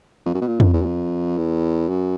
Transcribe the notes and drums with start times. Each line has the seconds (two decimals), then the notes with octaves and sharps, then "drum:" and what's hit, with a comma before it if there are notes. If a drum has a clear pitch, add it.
0.26 F2
0.34 F#2
0.42 B2
0.47 A#2
0.60 F2, drum: tom
0.73 E2
0.82 F#2
0.86 F2
1.38 E2
1.89 F#2